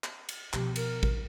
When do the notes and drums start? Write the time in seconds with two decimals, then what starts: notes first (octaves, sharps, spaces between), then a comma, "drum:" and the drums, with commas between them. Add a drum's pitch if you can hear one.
0.04 drum: clap
0.29 drum: cymbal
0.53 B2 F3 G4, drum: clap
0.76 A#4, drum: cymbal
1.03 drum: kick